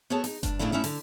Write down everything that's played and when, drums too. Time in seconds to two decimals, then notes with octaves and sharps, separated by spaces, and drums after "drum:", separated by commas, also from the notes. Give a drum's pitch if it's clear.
0.10 B3 F#4 G#4 A4 C#5 A5
0.24 D#4, drum: open hi-hat
0.43 G2 D4, drum: kick F#1, hi-hat
0.59 A2 C#3 A3 A#3 D4 E4
0.72 A3 C#4 D#4 E4 E5
0.84 D3, drum: open hi-hat